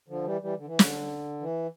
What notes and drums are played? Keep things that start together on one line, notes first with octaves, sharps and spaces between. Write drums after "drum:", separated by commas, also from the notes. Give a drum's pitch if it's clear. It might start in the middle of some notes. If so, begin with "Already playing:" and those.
D3 F3
E3 G3
E3 G3
D3
E3
D3, drum: snare
E3